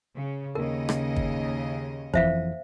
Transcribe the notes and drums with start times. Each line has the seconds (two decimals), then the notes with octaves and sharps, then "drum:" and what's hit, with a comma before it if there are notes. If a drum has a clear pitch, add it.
0.15 C#3
0.55 D#2 C#3 A#4 D#5
0.89 drum: rim click
1.16 drum: kick
2.14 F2 E3 C5 E5 F5, drum: kick